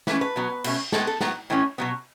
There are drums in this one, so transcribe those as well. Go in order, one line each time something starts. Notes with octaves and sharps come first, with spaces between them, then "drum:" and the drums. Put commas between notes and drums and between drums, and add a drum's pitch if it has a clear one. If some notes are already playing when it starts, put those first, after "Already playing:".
E3 A3 C#4 B4, drum: snare
B4
B2 F#3 B3
B2 A3 C#4, drum: cymbal
A2 G#3 B3 A4, drum: snare
A4
A2 F#3 B3, drum: snare
A2 E3 A3 C#4
B2 F#3 B3